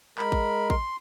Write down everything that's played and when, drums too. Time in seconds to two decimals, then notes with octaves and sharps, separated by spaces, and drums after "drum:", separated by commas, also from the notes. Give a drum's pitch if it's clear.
0.18 G#3 A#4 B5, drum: clap
0.32 drum: kick A1
0.70 C6, drum: kick A1